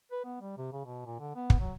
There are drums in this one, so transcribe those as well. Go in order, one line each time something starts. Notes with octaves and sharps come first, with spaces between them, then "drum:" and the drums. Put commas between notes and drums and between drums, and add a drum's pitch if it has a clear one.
B4
B3
G3
C3
C#3
B2
A#2
D3
B3
drum: kick
F#3